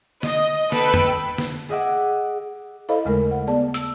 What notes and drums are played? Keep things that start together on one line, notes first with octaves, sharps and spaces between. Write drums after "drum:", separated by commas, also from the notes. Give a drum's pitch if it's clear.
D#5, drum: snare
A4 B4 G5 E6, drum: snare
drum: tom
drum: snare
G#4 D#5 E5 F#5 D6 F#6
E4 A4 C5 D#5 F5 B5
D#2 C#3 G#3 A3 A#4
F#5
B3 G#4 D5 A5
E6, drum: hi-hat